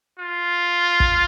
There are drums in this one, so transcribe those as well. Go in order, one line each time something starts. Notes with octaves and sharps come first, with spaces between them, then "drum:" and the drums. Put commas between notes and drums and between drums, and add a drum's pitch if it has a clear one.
F4
drum: kick